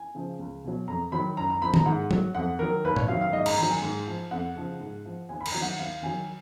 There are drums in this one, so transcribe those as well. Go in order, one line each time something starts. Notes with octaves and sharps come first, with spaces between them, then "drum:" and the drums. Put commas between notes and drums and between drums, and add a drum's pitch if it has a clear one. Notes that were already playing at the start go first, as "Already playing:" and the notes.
Already playing: G#5
C#3 F3
C#2
B2 F#3
F2 A#5
D#3 F#3 B5
F#2 A#5
A#5
F3 B5
A#5, drum: tom D#3
G#2 F#5
F#3, drum: tom
F2 F#5
D#3 F#3 A#4
D#2 B4
C#5, drum: tom
D#3 F#3 F5
F5
G#2 D#5
A#5, drum: cymbal
D#3 F#3 A#5
G#5
G#2
F3
F2 F#5
C#3 F3
G#2
F3
D#2 G#5
B5
A#5, drum: cymbal
D#3 F#3
F#5
D#2 F5
D#3 F#3 G#5